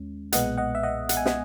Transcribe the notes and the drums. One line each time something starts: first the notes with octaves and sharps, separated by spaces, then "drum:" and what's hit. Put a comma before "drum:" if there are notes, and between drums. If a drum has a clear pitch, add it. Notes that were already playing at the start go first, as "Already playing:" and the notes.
Already playing: D#2 G#3 C#4
B1 A#2 G#3 B3 D#5 F#5, drum: hi-hat
D#5 F#5
E5
D#5 F#5
F#5, drum: hi-hat
G#5
D#5 F#5, drum: snare